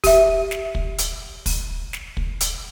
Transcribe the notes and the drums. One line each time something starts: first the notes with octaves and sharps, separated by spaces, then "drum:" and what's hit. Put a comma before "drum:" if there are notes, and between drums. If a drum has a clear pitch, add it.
G4 E5, drum: kick, open hi-hat
drum: snare
drum: kick
drum: hi-hat
drum: kick, open hi-hat
drum: snare
drum: kick
drum: hi-hat